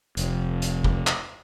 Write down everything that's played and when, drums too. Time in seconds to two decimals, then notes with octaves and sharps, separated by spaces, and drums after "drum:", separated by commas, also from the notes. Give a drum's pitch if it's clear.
0.17 F1, drum: hi-hat
0.62 drum: hi-hat
0.84 drum: kick
1.07 drum: clap